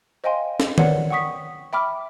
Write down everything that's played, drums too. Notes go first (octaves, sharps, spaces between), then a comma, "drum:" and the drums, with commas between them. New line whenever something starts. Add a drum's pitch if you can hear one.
C5 D#5 F5 G5 G#5 C6
drum: snare
A#4 B4 C#5 D5 F#5, drum: tom D#3
F#5 G5 C#6 D#6 B6
E5 G5 B5 D6 F6